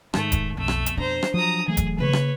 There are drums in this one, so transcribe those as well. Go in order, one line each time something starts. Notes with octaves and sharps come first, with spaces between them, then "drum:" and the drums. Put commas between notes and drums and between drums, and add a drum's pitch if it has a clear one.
G#2 D#3 A3, drum: rim click
drum: kick D#1, hi-hat
B1 F2 B2 A3 E6
drum: rim click
drum: hi-hat
D4 C5 A#5
drum: rim click
F3 F#3 A#5 D#6
E3 F#3 A3 G#4
drum: kick D#1, hi-hat
C#3 A#3 B4 C#5
drum: rim click